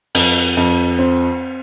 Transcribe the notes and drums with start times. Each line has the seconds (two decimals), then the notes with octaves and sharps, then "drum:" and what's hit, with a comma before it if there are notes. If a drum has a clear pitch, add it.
0.15 F2, drum: cymbal
0.57 F2
0.99 C4